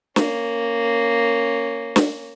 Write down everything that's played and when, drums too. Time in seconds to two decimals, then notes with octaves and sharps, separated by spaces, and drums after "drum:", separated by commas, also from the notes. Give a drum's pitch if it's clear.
0.16 A#3 C#4, drum: snare
1.96 drum: snare